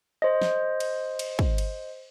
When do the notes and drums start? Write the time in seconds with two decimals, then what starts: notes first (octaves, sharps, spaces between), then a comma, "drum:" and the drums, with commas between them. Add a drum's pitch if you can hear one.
0.22 C5 D#5
0.42 drum: snare
0.80 drum: cymbal
1.19 drum: cymbal
1.39 drum: kick
1.58 drum: cymbal